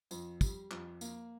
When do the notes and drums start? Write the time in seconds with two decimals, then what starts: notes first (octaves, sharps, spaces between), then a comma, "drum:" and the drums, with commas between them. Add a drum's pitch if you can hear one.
0.11 F2, drum: tambourine
0.41 G3, drum: kick, tambourine
0.71 F2, drum: clap
1.01 A#3, drum: tambourine